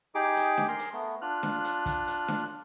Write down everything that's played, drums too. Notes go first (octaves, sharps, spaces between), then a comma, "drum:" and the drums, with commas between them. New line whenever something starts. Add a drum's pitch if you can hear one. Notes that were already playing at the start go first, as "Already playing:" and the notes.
D#4 G4 G#4 D6
drum: hi-hat
drum: snare D4
G#4 A#4 A#5 C6
drum: hi-hat
A3 B3
D4 F4 F6 F#6
drum: snare D4
drum: hi-hat
drum: kick, hi-hat
drum: hi-hat
drum: snare D4